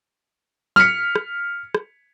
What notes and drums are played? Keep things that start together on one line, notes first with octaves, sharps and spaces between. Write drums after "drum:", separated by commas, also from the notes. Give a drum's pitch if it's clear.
F6 B6 C#7, drum: tom
drum: rim click
drum: rim click